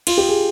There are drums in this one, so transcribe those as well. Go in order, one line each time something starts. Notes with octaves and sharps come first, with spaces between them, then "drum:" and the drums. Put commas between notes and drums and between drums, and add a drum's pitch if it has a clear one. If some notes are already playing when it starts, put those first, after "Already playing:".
F4, drum: cymbal
G4
G#4